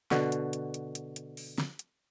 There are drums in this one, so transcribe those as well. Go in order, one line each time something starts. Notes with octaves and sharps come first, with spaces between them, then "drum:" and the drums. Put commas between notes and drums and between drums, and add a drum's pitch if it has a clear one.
B2 D3 F#4, drum: snare
drum: hi-hat
drum: hi-hat
drum: hi-hat
drum: hi-hat
drum: hi-hat
drum: open hi-hat
drum: snare
drum: hi-hat